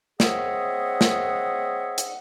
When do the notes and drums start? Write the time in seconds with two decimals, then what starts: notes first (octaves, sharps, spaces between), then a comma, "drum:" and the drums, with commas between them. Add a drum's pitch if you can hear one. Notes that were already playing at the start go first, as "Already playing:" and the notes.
0.20 C4 G#4 C#5 D#5 E5 F#5, drum: snare
1.01 drum: snare
1.98 drum: hi-hat